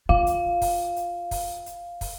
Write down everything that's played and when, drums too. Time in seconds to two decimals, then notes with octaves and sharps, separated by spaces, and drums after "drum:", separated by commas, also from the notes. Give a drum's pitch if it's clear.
0.09 F4 F5
0.27 drum: hi-hat
0.62 drum: kick, open hi-hat
0.96 drum: hi-hat
1.31 drum: kick, open hi-hat
1.66 drum: hi-hat
2.01 drum: kick, open hi-hat